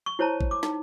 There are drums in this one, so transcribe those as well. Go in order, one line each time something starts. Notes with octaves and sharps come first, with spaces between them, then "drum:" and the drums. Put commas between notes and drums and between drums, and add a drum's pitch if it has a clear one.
C#6
E4 C5 C#5 A5 A#5
drum: kick
D6
D#4, drum: snare